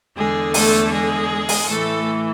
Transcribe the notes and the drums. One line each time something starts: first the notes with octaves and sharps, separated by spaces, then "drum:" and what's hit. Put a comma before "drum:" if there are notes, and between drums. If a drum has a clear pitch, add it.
E2 D3 G#3 G#4
A3 A4, drum: open hi-hat
G#3 G#4
drum: open hi-hat
A2 E3 A3 A4